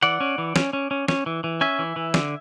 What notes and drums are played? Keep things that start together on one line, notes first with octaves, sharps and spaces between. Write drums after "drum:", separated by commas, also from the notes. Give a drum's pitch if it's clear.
E3 D5 F#5
C#4
E3
C#4, drum: snare
C#4
C#4
C#4, drum: snare
E3
E3
C#4 E5 G#5
E3
E3
D3, drum: snare